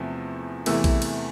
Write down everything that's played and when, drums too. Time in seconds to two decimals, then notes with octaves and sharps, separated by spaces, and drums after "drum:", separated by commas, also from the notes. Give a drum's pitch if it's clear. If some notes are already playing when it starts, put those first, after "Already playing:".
Already playing: E2 C3 F3 A3
0.66 E2 C3 E3 A3 E4, drum: cymbal
0.84 drum: kick A#1, cymbal
1.02 drum: cymbal